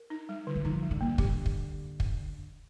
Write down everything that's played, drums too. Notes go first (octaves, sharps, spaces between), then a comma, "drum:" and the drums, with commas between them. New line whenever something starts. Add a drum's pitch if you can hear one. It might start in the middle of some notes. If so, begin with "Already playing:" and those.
Already playing: A#4
D#4
G3
D3
D#3
F3 D#4
G3
D3
A#3
D3 G4, drum: kick
drum: kick
drum: kick